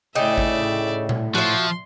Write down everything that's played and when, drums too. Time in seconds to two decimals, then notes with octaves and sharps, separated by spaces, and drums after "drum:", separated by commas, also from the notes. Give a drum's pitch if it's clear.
0.15 A2 C#3 D#4 D5 E5 G5
0.38 drum: kick G#1
1.09 drum: tom A#2
1.35 F3 F#4 E5 C6